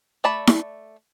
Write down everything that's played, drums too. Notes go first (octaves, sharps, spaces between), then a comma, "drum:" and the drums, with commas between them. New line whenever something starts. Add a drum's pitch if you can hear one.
A3 D5 A5 B5
drum: snare E4